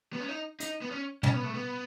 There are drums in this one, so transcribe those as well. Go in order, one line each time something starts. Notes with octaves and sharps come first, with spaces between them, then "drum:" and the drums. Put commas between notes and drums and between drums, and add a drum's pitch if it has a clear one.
B3
C#4
D#4
D#4, drum: hi-hat
B3
C#4
C#4, drum: tom
B3
A3
B3